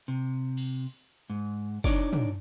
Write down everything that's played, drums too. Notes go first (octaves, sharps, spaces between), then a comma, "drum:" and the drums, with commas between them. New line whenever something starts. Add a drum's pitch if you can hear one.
C3
drum: cymbal
G#2
D4 D#4 C#5 D5, drum: kick
drum: tom